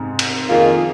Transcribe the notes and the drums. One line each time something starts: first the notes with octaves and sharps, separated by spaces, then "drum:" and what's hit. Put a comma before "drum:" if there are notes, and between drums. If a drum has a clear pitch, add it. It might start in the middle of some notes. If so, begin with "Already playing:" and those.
Already playing: G#2 C3
drum: cymbal
F2 D#3 A#3 F4 G#4